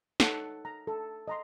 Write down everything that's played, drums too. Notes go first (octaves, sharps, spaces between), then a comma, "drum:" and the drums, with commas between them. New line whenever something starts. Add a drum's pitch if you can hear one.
D#4 A4 C#5 F#5, drum: snare
A#5
A4
D#5 A#5 C6